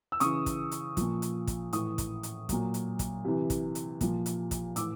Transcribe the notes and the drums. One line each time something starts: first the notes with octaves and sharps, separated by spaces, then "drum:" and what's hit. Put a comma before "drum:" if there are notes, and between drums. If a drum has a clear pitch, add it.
E6
C#3 E3 C#6 D#6, drum: hi-hat
drum: kick, hi-hat
drum: hi-hat
A#2 F3, drum: kick, hi-hat
drum: hi-hat
drum: kick, hi-hat
A2 E3 C#6 D#6, drum: hi-hat
drum: kick, hi-hat
drum: hi-hat
A#2 F#3, drum: kick, hi-hat
drum: hi-hat
drum: kick, hi-hat
C3 E3
drum: kick, hi-hat
drum: hi-hat
A#2 F3, drum: kick, hi-hat
drum: hi-hat
drum: kick, hi-hat
A2 E3 D6 E6, drum: hi-hat